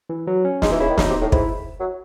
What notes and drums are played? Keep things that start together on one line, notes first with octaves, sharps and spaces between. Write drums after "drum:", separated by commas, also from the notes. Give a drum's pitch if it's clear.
E3
F#3
C#4
G#3 D#4, drum: snare
E3
C#3 E4
D#3
C#3 D#4, drum: snare
C3
A2
G#2 E4, drum: kick
F#3